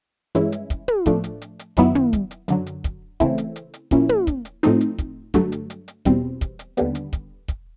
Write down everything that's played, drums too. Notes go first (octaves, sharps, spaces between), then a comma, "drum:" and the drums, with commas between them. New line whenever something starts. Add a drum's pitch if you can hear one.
G2 E3 G#3 C#4 E4, drum: hi-hat
drum: hi-hat
drum: kick, hi-hat
drum: tom
A2 F3 A3 D4, drum: kick, hi-hat
drum: hi-hat
drum: hi-hat
drum: hi-hat
F#2 D#3 F#3 B3 E4, drum: kick, hi-hat
drum: tom
drum: kick, hi-hat
drum: hi-hat
F#2 D3 F#3, drum: hi-hat
drum: hi-hat
drum: kick, hi-hat
C#3 E3 A3 C4 E4, drum: kick, hi-hat
drum: hi-hat
drum: hi-hat
drum: hi-hat
A#2 F3 A#3 C#4 E4, drum: kick, hi-hat
drum: tom
drum: kick, hi-hat
drum: hi-hat
A2 F3 A3 C4 D#4, drum: hi-hat
drum: hi-hat
drum: kick, hi-hat
G2 D3 F#3 A3, drum: kick, hi-hat
drum: hi-hat
drum: hi-hat
drum: hi-hat
E2 B2 G3 C4, drum: kick, hi-hat
drum: kick, hi-hat
drum: hi-hat
D#2 D3 G3 B3, drum: hi-hat
drum: hi-hat
drum: kick, hi-hat
drum: kick, hi-hat